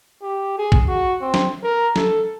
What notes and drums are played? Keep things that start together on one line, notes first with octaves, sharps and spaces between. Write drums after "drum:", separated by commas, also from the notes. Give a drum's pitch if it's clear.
G4
G#4
drum: kick
F#4
C4
drum: snare
A#4
A4, drum: snare